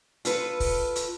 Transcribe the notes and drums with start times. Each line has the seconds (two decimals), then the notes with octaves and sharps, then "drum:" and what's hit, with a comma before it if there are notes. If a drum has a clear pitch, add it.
0.25 F4 A4 B4, drum: hi-hat
0.60 drum: kick, open hi-hat
0.96 drum: hi-hat